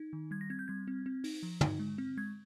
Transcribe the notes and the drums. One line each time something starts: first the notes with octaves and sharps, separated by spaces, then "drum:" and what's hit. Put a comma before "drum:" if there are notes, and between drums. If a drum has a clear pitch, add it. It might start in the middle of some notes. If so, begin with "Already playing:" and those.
Already playing: D#4
D#3
G3 G#6
A#6
C4 G#6
G6
G3 G#6
C4
C4
D#4, drum: open hi-hat
F3
D#4, drum: tom
G#3
C4
G#3 G#6